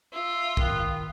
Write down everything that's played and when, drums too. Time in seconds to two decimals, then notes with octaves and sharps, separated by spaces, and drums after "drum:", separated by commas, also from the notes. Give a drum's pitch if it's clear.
0.13 F4 E5
0.57 D#3 B3, drum: kick